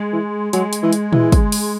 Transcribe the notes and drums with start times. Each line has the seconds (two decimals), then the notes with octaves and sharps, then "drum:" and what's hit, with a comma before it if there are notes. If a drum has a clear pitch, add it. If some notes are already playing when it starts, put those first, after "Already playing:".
Already playing: G#3
0.13 E3
0.53 F#3 G#3, drum: hi-hat
0.73 drum: hi-hat
0.83 E3
0.93 drum: hi-hat
1.13 E3, drum: tom A#2
1.32 drum: kick, hi-hat
1.52 drum: open hi-hat